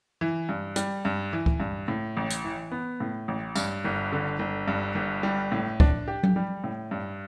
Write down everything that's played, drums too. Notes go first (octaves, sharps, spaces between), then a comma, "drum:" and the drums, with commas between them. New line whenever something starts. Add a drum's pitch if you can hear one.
E3
G2
G3, drum: hi-hat
G2
E3
drum: kick C#2
G2
A2
A1
drum: hi-hat
E3
B3
A2
A1
G2, drum: tambourine
G1
D3
G1
G2
G1
G3
A2
D4, drum: kick C#2
G4
drum: tom F#3
G3
A2
G2